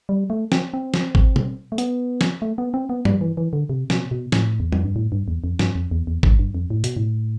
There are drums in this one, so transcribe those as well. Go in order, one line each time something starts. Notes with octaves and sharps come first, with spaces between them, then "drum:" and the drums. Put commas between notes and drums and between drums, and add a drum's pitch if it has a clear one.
G3
A3
C4, drum: snare
C4
drum: snare
drum: kick
drum: tom B2
A3
B3, drum: hi-hat
drum: snare
A3
B3
C4
B3
G3, drum: tom G2
E3
E3
D3
C3
B2, drum: snare
B2
A2, drum: snare
E2
F2, drum: tom G3
G2
A2
G2
E2
F2
G2, drum: snare
F2
E2
E2
G2, drum: kick
G2
F2
A2
B2, drum: hi-hat
A2